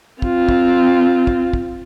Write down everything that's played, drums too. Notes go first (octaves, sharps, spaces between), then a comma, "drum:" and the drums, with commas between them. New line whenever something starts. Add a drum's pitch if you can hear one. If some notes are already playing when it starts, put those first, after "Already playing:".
C4 F4, drum: kick
drum: kick
drum: kick
drum: kick